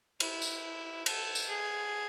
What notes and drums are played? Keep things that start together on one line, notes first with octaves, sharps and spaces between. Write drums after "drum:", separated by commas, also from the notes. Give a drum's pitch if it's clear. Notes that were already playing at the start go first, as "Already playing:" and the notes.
E4, drum: cymbal
drum: tambourine
A4, drum: cymbal
drum: tambourine
G#4